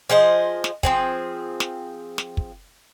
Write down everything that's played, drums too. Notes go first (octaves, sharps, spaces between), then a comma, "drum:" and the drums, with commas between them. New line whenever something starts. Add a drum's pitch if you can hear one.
F3 G#4 C5 D#5
drum: snare
F3 C4 G#4, drum: kick
drum: snare
drum: snare
drum: kick